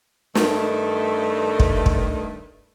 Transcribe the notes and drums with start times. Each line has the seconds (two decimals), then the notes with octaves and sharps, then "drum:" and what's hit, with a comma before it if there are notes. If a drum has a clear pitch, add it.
0.35 G2 D#3 A3, drum: snare
1.60 drum: kick
1.86 drum: kick